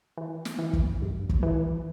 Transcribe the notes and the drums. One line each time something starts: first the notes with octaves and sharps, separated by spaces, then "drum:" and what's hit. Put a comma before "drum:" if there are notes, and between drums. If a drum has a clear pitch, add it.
E3
drum: snare
E3
drum: kick
G2
drum: kick
E3